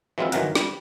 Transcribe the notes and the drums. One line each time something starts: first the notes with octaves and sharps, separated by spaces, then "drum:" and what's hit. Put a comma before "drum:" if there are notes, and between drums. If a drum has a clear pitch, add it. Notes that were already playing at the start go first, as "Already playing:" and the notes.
E3 F#3 G#3 C4 E4 F4
G1 D#3 E3 F#3 A#4 F#5, drum: hi-hat
G3, drum: snare